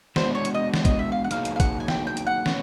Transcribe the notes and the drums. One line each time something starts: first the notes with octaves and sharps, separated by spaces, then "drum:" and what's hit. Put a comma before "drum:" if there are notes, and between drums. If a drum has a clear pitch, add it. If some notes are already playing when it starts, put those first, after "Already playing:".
G#3 B3 D4 F#4 C5, drum: snare
C#5
drum: hi-hat
D#5
drum: snare
D#5, drum: kick, hi-hat
E5
F5
F#5
F#3 A#3 D#4 G#4 F5, drum: hi-hat
drum: hi-hat
F5
F#5, drum: kick, hi-hat
G#5
G5, drum: snare
G5
drum: hi-hat
F#5
A3 C#4, drum: snare